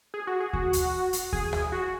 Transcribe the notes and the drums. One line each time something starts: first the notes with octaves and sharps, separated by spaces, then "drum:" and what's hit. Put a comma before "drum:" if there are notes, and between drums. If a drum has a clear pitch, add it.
G#4
F#4
G#4
F#4, drum: kick D#2
drum: hi-hat
drum: hi-hat
G#4, drum: kick D#2
drum: rim click
F#4